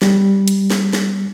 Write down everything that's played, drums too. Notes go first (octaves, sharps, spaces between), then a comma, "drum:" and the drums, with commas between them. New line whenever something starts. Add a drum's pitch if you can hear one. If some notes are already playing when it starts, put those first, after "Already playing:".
G3, drum: snare
drum: hi-hat
drum: snare
drum: snare